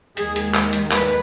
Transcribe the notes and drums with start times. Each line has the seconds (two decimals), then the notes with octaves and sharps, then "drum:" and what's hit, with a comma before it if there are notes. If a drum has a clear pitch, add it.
0.17 D#2 D#3 G#3 G#4, drum: hi-hat
0.36 drum: hi-hat
0.54 drum: clap
0.73 drum: hi-hat
0.91 B4, drum: clap